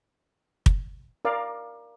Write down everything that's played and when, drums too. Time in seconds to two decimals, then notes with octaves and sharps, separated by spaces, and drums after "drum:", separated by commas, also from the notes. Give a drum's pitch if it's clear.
0.66 drum: kick
1.25 A#4 D5 F5